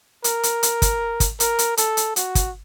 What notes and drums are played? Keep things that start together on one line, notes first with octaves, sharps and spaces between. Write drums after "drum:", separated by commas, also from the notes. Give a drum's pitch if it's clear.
A#4, drum: hi-hat
drum: hi-hat
drum: hi-hat
drum: kick, hi-hat
drum: kick, hi-hat
A#4, drum: hi-hat
drum: hi-hat
A4, drum: hi-hat
drum: hi-hat
F#4, drum: hi-hat
drum: kick, hi-hat